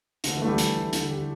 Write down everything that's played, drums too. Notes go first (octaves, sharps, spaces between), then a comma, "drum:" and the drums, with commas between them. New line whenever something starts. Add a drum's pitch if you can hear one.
D2 D3, drum: hi-hat
E3
A3 E4
G3
E3, drum: hi-hat
E4
D3, drum: hi-hat
G4